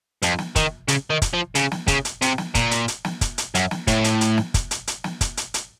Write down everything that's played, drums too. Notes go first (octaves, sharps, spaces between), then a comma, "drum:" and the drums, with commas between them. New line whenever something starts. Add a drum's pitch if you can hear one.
F2, drum: hi-hat
drum: snare
D#3, drum: kick, hi-hat
C#3, drum: hi-hat
D#3
drum: kick, hi-hat
F3
C#3, drum: hi-hat
drum: snare
C#3, drum: kick, hi-hat
drum: hi-hat
C3, drum: hi-hat
drum: snare
A#2, drum: kick, hi-hat
drum: hi-hat
drum: hi-hat
drum: snare
drum: kick, hi-hat
drum: hi-hat
F#2, drum: hi-hat
drum: snare
A2, drum: kick, hi-hat
drum: hi-hat
drum: hi-hat
drum: snare
drum: kick, hi-hat
drum: hi-hat
drum: hi-hat
drum: snare
drum: kick, hi-hat
drum: hi-hat
drum: hi-hat